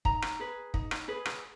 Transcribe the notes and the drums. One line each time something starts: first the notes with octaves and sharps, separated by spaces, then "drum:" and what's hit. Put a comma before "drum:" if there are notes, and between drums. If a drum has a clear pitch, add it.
D#4 A#5, drum: kick
drum: rim click
G#4 B4
D#4, drum: kick
drum: rim click
G#4 B4
drum: rim click